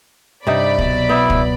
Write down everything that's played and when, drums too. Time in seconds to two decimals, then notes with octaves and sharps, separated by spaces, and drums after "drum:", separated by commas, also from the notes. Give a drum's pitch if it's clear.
0.47 G2 C3 D4 D#4 D5 E5 B5
0.78 B2 F#3, drum: kick
1.09 B3 E4 E5
1.30 drum: kick